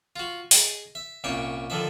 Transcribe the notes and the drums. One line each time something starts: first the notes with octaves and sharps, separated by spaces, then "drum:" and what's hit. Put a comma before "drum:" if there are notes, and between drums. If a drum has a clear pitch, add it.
F4 F#4
G#4 D#5, drum: open hi-hat
E5
C2 A#2 C#4 G5 C#6
D3 D#3 F3 E5